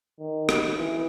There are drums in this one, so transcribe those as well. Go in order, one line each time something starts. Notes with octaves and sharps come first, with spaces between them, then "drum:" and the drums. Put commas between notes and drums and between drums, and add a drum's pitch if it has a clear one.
D#3
drum: rim click
E3